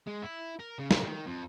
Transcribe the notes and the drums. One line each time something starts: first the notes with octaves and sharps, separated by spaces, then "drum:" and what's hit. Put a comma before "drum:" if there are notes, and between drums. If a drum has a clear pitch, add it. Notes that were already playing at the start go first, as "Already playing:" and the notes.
G#3
E4
A#4
C#3
C3, drum: snare
D#3
F2